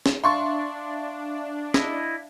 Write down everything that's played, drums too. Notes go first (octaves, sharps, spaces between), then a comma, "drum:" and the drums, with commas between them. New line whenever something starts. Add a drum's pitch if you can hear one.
drum: snare
D4 E5 F5 C6 C#6 A6
E4 D#5, drum: snare